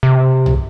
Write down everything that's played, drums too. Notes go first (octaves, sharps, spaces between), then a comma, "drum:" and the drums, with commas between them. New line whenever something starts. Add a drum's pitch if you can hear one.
C3
drum: tom B1